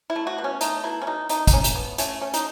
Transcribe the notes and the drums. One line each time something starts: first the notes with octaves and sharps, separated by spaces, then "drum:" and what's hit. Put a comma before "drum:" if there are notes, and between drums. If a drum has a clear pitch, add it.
E4
A3
F#4
B2
C#4
A3 D#4, drum: hi-hat
B2 E4
C#4
B2 D#4
A3 D#4, drum: hi-hat
D#4, drum: kick, hi-hat
A3 C#4
drum: hi-hat
A3 B3
A3 C#4, drum: hi-hat
A3 C#4
D#4, drum: hi-hat